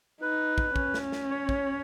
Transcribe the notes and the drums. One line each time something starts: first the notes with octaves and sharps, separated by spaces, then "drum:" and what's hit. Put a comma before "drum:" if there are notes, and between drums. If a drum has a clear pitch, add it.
D#4 B4
drum: kick
C#4, drum: kick
drum: snare
drum: snare
C#5
drum: kick